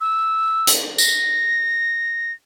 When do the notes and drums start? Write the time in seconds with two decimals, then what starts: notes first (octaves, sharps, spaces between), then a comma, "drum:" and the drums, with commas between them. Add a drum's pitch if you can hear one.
0.01 E6
0.67 drum: hi-hat
0.98 A#6, drum: tambourine